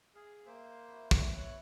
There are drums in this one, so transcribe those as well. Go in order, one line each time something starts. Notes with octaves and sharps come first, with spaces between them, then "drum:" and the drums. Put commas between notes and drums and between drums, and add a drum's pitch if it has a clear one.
G#4 F5
A#3 C5 E5 G5
E4 F#4
E3, drum: kick
E4 C#5 F#6